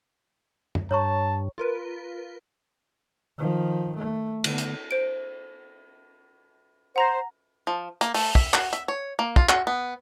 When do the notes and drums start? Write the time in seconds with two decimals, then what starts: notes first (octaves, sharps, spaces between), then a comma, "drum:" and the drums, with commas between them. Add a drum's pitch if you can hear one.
0.75 drum: tom
0.91 G2 C#5 A5 A#5 C#6
1.58 F4 A#4 B4
3.38 D#3 F3
3.97 A3
4.44 D3 B3, drum: cymbal
4.58 drum: hi-hat
4.91 C5 D7
6.96 C5 F#5 A#5 A#6
7.67 F3
8.01 A#3, drum: hi-hat
8.14 A3, drum: open hi-hat
8.35 E5, drum: kick
8.54 F#4, drum: clap
8.73 E5, drum: hi-hat
8.88 C#5
9.19 A#3
9.36 F4, drum: kick
9.49 F#4, drum: clap
9.67 B3